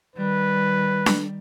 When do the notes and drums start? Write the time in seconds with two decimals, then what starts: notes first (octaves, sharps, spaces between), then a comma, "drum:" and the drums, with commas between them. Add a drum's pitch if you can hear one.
0.16 D#3 G3 B4
1.06 drum: snare D4